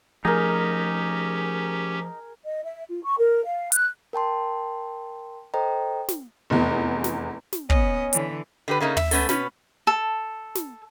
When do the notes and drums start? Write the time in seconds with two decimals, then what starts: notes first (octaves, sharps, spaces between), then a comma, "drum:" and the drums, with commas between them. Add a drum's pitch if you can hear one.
0.25 F3 A3 C#4 D#4 G4 G#4 A#4
2.45 D#5
2.64 E5
2.90 F4
3.04 C#6
3.19 A#4
3.45 F5
3.72 F#6, drum: hi-hat
4.13 A#4 G5 A5 C6
5.54 A4 C5 D#5 G5 A#5
6.09 drum: snare
6.50 F1 E2
7.04 drum: snare
7.53 drum: snare
7.70 B3 C#4 D#5, drum: kick
8.13 D3 E3, drum: hi-hat
8.68 D3 G4 B4
8.80 C#3 A3 A#3 D#4
8.97 E5, drum: tom
9.11 A3 B3 C#4 A4, drum: open hi-hat
9.29 B2 C#4 B4, drum: snare
9.87 A4
10.55 drum: snare